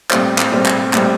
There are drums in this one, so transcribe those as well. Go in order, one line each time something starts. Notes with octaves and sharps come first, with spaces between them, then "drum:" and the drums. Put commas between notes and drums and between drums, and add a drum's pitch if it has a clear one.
A2 G3 C4, drum: clap
drum: clap
A2 G3 C4
drum: clap
A2 G3 C4, drum: clap